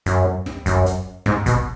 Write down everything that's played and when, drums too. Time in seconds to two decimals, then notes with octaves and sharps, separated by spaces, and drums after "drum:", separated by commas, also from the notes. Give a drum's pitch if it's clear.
0.06 F#2, drum: hi-hat
0.46 drum: snare
0.66 F#2, drum: kick, hi-hat
0.86 drum: hi-hat
1.26 G#2, drum: snare
1.46 B2, drum: kick, hi-hat